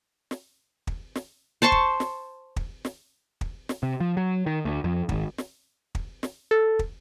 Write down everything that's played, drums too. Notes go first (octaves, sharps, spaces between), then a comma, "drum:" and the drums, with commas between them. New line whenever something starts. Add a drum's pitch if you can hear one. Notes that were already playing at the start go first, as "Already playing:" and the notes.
drum: snare
drum: kick
drum: snare
C5 A5 C6 C#6
drum: kick
drum: snare
drum: kick
drum: snare
drum: kick
drum: snare
C3
F3
F#3
D#3
D2
F2
G#1, drum: kick
drum: snare
drum: kick
drum: snare
A4
drum: kick